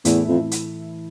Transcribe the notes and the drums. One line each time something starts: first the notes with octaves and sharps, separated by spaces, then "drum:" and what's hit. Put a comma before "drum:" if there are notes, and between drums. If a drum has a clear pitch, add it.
E2 A2 E3 A3 E4, drum: hi-hat
F2
drum: hi-hat